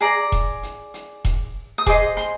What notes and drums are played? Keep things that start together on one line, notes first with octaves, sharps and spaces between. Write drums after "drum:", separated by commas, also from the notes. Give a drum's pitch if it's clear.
G#4 D5 A#5
drum: kick E1, hi-hat
drum: hi-hat
drum: hi-hat
drum: kick E1, hi-hat
D#6
G#4 C5 D#5 D6, drum: kick E1, hi-hat
C6, drum: hi-hat